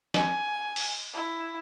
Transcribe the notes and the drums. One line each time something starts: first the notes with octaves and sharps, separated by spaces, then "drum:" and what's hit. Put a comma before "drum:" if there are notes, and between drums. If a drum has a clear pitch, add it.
G#5, drum: snare
drum: open hi-hat
E4